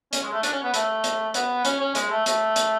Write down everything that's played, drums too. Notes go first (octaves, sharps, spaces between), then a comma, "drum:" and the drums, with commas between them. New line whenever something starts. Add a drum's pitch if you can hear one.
C#4, drum: hi-hat
G#3
A3
D4, drum: hi-hat
C#4
B3
A3, drum: hi-hat
drum: hi-hat
B3, drum: hi-hat
C#4, drum: hi-hat
C#4
G#3, drum: hi-hat
A3
A3, drum: hi-hat
drum: hi-hat